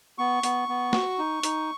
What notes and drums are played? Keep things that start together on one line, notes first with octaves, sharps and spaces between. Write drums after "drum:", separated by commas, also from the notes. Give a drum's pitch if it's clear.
B3 C#6
B3, drum: hi-hat
B3
F#4, drum: snare
D#4
D#4, drum: hi-hat